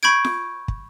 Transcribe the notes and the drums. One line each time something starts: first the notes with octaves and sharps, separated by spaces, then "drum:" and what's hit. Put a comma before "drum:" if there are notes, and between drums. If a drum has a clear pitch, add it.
B5 C#6 G6 G#6 D7
drum: snare
drum: kick